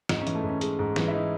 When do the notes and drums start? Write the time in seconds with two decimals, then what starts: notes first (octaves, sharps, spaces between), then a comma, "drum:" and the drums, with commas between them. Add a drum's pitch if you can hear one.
0.09 G#2 D#4, drum: snare
0.22 C#4
0.27 E3, drum: hi-hat
0.35 A3
0.43 G#2
0.49 C#4
0.61 G#3 C#4, drum: hi-hat
0.79 G#2
0.96 E3, drum: snare
1.08 E4
1.14 D#4